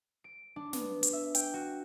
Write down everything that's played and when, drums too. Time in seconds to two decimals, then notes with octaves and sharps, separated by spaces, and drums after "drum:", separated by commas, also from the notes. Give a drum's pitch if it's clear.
0.24 D7
0.56 D4
0.73 B3, drum: snare
1.03 drum: hi-hat
1.13 E5
1.35 G5, drum: hi-hat
1.54 F#4